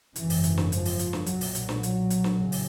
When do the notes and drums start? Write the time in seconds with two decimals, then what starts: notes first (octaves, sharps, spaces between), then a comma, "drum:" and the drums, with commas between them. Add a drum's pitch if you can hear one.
0.16 G#1 F#2 C#3 E3, drum: hi-hat
0.30 drum: open hi-hat
0.44 drum: hi-hat
0.58 drum: snare
0.72 F3, drum: hi-hat
0.85 drum: open hi-hat
0.99 drum: hi-hat
1.13 drum: snare
1.26 B1 A#2 F#3, drum: hi-hat
1.41 drum: open hi-hat
1.55 drum: hi-hat
1.69 drum: snare
1.83 F#3, drum: hi-hat
2.10 drum: hi-hat
2.24 drum: snare
2.38 A1 C#3
2.52 drum: open hi-hat